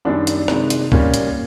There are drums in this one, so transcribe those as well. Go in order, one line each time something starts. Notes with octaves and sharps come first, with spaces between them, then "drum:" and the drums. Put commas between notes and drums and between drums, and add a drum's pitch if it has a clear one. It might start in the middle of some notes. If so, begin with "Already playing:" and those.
F#2 D#3 G3 D4
drum: hi-hat
C3 D#3 G#3, drum: rim click
drum: hi-hat
A#2 G3 A#3 C#4, drum: kick
drum: hi-hat